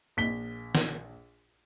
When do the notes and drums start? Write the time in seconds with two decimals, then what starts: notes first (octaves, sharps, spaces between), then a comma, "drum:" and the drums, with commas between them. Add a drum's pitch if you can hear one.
0.17 A#1 B6 G7
0.75 drum: snare